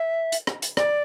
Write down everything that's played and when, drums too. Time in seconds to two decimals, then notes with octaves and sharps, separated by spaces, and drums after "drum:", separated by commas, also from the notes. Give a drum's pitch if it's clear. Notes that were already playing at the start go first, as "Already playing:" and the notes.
Already playing: E5
0.32 drum: hi-hat
0.47 drum: rim click
0.62 drum: hi-hat
0.77 D5, drum: rim click